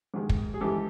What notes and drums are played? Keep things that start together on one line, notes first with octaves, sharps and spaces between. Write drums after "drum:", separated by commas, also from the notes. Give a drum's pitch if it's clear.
G#2 D#3 G#3
drum: kick
G#4
G#2 E3 G3 G4 A4